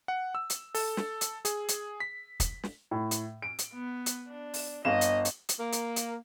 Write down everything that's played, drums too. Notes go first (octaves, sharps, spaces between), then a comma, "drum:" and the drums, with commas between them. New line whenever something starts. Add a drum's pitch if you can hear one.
F#5
E6
drum: hi-hat
A4, drum: open hi-hat
drum: snare
drum: hi-hat
G#4, drum: hi-hat
drum: hi-hat
B6
drum: kick, hi-hat
drum: snare
A2
drum: hi-hat
D7
drum: hi-hat
B3
drum: hi-hat
D4
drum: open hi-hat
G1 D#5 F5 E7
drum: hi-hat
drum: hi-hat
drum: hi-hat
A#3
drum: hi-hat
drum: hi-hat